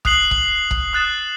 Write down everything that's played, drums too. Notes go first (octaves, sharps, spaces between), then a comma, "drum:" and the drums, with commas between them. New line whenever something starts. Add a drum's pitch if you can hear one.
D#6 F#6 C7 F#7, drum: kick
drum: kick
drum: kick
D#6 F#6 A6 E7